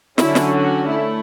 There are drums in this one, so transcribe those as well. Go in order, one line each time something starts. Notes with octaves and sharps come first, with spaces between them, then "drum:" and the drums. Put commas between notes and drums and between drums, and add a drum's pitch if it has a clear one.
D3 F#3 C#4 E4, drum: snare
drum: snare
F#4
A3 E4